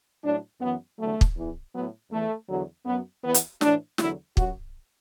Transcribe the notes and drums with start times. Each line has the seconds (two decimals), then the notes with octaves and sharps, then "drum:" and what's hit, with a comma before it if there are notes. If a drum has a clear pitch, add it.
0.23 A2 F#3 D4
0.61 F#2 E3 B3
0.98 E2 D3 F#3 A3
1.21 drum: kick
1.36 E2 E3
1.73 A2 F#3 B3
2.11 E2 E3 A3
2.49 E2 D3 F#3
2.86 F#2 F#3 B3
3.24 E2 E3 B3
3.34 drum: hi-hat
3.61 A2 E3 D4, drum: snare
3.98 E2 D3 F#3 E4, drum: snare
4.37 F#2 F#3 F#4, drum: kick